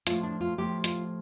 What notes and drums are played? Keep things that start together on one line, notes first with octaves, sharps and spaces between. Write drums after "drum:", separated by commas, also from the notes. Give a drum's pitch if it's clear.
A2 F3 A3 F4, drum: hi-hat
D4
F4
A2 F3 A3 G4
F4, drum: hi-hat